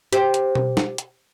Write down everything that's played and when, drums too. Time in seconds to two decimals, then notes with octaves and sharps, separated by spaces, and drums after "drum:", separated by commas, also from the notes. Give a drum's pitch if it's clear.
0.13 G4 C5, drum: hi-hat
0.34 drum: hi-hat
0.55 drum: tom B2
0.77 drum: snare
0.98 drum: hi-hat